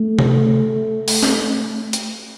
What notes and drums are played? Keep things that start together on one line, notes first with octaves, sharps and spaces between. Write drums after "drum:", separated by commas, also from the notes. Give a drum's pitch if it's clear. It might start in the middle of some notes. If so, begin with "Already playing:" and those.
Already playing: A3
drum: tom C3
drum: open hi-hat
drum: snare
drum: hi-hat